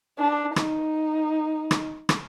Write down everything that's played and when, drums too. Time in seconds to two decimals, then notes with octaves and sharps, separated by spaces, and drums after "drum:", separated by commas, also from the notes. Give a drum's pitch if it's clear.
0.19 D4
0.56 D#4, drum: rim click
1.71 drum: rim click
2.09 drum: rim click